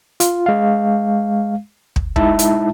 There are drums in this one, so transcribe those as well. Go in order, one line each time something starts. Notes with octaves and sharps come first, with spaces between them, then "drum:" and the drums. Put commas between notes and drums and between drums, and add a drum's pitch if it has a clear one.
F4, drum: hi-hat
G#3 F5
drum: kick
G#3 D#4 E4 E5 A5, drum: kick
drum: hi-hat